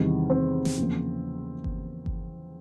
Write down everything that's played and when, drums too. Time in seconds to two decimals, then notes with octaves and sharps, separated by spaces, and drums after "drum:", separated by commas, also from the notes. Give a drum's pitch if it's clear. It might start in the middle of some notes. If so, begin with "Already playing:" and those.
Already playing: E2 C3 D#3 G3
0.30 C4
0.65 drum: snare
0.78 E2 C#3 F3 A#3
1.64 drum: kick G1
2.06 drum: kick G1